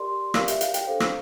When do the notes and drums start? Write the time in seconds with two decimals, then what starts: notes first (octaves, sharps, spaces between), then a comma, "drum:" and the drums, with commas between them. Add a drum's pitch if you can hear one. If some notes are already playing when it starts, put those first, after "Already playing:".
Already playing: G4 A#4 D5 C6
0.34 G4 A#4 D5 F5, drum: rim click
0.48 E5, drum: hi-hat
0.61 F5, drum: hi-hat
0.74 G5, drum: hi-hat
0.87 D4 A4 C5 F5
1.00 drum: rim click